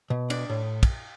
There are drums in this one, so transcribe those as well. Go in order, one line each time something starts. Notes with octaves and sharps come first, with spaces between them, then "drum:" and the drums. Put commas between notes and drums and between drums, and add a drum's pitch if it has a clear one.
B2
D4, drum: cymbal
A2
drum: kick, cymbal